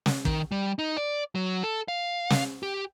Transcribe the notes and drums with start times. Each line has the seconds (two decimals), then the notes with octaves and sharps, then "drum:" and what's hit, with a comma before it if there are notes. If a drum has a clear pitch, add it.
0.06 drum: snare
0.25 D#3, drum: kick
0.52 G3
0.79 D#4
0.97 D5
1.35 F#3
1.64 A4
1.88 F5
2.30 drum: snare
2.63 G4